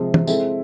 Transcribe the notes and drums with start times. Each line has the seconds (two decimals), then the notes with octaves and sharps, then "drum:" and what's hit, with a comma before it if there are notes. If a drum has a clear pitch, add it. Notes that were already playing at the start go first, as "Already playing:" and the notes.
Already playing: C3 F3 G#3
0.14 drum: tom E3
0.27 G#3 C4 E4 A4, drum: tambourine